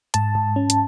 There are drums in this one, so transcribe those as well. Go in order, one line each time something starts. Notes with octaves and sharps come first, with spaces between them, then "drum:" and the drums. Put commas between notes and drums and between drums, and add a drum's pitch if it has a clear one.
G#2 A5, drum: hi-hat
G#2
C#4
drum: hi-hat